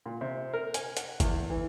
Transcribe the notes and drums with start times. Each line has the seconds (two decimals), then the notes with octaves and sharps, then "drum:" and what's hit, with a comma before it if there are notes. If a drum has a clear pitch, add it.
0.06 A#2
0.21 C3
0.53 A#4
0.74 G#5, drum: hi-hat
0.97 F#5, drum: hi-hat
1.20 E2, drum: kick G1, hi-hat
1.50 E3